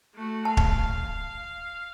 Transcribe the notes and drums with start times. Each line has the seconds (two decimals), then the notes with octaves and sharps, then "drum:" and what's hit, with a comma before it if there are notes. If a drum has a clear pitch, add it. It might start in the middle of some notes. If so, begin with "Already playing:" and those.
0.15 A3 F#4
0.45 F5 A5
0.57 drum: kick